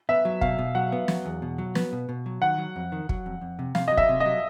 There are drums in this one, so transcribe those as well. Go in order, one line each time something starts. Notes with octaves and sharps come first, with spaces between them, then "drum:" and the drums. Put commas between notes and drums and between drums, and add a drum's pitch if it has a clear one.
B3 E5
F#3
B2 F5, drum: kick
B2
F#3 F#5
B3
F#3, drum: snare
E2
B2
F#3
B3, drum: snare
B2
B2
F#3
D#3 F#5
F#3
F2
D#3
F#3, drum: kick
F2
F2
C3
C3 F5, drum: snare
F#3 D#5
E5, drum: kick
C3
D#5
F#3